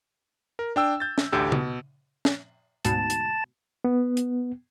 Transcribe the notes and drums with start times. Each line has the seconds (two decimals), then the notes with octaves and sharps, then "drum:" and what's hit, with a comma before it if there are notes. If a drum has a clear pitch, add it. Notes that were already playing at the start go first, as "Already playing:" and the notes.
0.59 A#4
0.76 D4 G5 E6
1.00 G6 A6
1.18 drum: snare
1.32 A1 D2 D3 G4 E6
1.52 B2, drum: tom C#3
2.25 drum: snare
2.85 D2 G#2 B2 A5, drum: hi-hat
3.10 drum: hi-hat
3.84 B3
4.17 drum: hi-hat